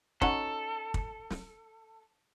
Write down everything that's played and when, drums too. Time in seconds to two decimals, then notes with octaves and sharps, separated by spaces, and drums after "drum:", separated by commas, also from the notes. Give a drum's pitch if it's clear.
0.22 C#4 D#4 F#4 A4, drum: kick
0.94 drum: kick
1.30 drum: snare